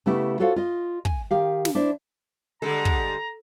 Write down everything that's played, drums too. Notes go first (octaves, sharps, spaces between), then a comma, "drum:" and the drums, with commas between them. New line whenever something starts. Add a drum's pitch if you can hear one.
C#3 A3 B3 E4 G4
F4 F#4 A4 C5 C#5 F5
F4 D#5
G#5, drum: kick
D#3 G4 F5
drum: snare
D4 E4 C5
D3 G3 G#3 A4 A#5
drum: kick